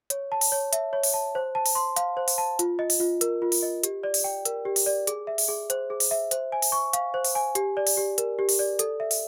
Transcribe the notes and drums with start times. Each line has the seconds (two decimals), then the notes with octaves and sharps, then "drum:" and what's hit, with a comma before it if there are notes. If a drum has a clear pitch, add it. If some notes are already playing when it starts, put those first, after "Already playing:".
0.10 C#5, drum: hi-hat
0.32 A5
0.41 drum: open hi-hat
0.52 C#5
0.73 E5, drum: hi-hat
0.93 C#5
1.03 drum: open hi-hat
1.14 A5
1.35 C5
1.55 A5
1.66 drum: open hi-hat
1.75 C6
1.96 F5, drum: hi-hat
2.17 C5
2.28 drum: open hi-hat
2.38 A5
2.59 F4, drum: hi-hat
2.79 D#5
2.90 drum: open hi-hat
3.00 F4
3.21 A#4, drum: hi-hat
3.42 F4
3.52 drum: open hi-hat
3.63 D#5
3.83 G4, drum: hi-hat
4.03 D5
4.14 drum: open hi-hat
4.24 G5
4.45 A#4, drum: hi-hat
4.65 G4
4.76 drum: open hi-hat
4.86 D5
5.07 G#4, drum: hi-hat
5.27 E5
5.38 drum: open hi-hat
5.49 G#4
5.70 C5, drum: hi-hat
5.90 G#4
6.00 drum: open hi-hat
6.11 E5
6.31 C5, drum: hi-hat
6.52 G#5
6.62 drum: open hi-hat
6.72 C#6
6.93 F5, drum: hi-hat
7.14 C5
7.24 drum: open hi-hat
7.35 G#5
7.55 G4, drum: hi-hat
7.77 D5
7.87 drum: open hi-hat
7.97 G4
8.18 A#4, drum: hi-hat
8.39 G4
8.49 drum: open hi-hat
8.59 D5
8.79 A4, drum: hi-hat
9.00 E5
9.11 drum: open hi-hat